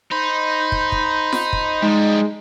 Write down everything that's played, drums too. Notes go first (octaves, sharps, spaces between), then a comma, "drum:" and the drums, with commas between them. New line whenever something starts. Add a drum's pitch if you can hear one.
D#4 C5 B5
drum: kick
drum: kick
drum: snare F4
drum: kick
F3 G3 G#3 D#4